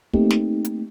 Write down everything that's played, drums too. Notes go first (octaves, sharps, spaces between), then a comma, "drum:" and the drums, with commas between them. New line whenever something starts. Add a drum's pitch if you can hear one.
A3 A#3 C4 D#4 G4, drum: kick
drum: snare
drum: hi-hat